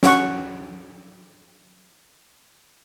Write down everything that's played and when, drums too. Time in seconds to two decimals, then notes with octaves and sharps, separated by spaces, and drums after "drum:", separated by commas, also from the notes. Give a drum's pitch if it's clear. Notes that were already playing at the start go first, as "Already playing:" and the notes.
0.03 C#4 F#4 F#5 C#6, drum: snare